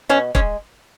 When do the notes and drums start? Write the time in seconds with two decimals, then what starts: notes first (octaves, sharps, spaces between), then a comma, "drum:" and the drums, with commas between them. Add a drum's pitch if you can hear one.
0.09 B2 C#4
0.35 G#3 C#4, drum: kick